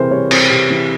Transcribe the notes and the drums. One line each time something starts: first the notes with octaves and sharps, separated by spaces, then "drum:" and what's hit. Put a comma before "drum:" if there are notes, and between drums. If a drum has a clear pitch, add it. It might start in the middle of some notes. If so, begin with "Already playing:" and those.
Already playing: C3 E3 G3 C4 G4 G#4 A#4 C5
G3 C#5
C4, drum: cymbal
C3
E3